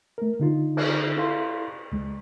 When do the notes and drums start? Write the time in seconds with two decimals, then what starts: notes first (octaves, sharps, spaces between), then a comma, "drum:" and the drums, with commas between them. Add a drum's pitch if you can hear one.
0.18 A3 A#4
0.40 D3 D#4 F4
0.77 drum: cymbal
1.17 E4 A4 F5 C6
1.92 C#2 G#3